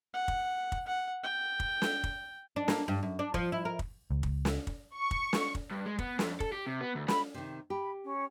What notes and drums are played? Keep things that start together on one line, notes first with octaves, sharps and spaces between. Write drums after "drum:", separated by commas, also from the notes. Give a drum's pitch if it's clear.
F#5
drum: kick
drum: kick
F#5
G5
drum: kick
drum: snare
drum: kick
D4
A#3, drum: snare
G2
F#2
D4
F3, drum: kick
E4
A#4
drum: kick
C#2
drum: kick
drum: snare
drum: kick
C#6
drum: kick
drum: snare
drum: kick
G2
G#3
B3, drum: kick
F2, drum: snare
A4, drum: kick
G4
C3
B3
D2
B5, drum: snare
C3 D#3
G4 B5
C#4